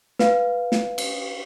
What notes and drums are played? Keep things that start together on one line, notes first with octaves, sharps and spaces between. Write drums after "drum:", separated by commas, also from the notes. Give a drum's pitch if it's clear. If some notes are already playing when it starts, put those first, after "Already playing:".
B4 F5, drum: snare
drum: snare
drum: cymbal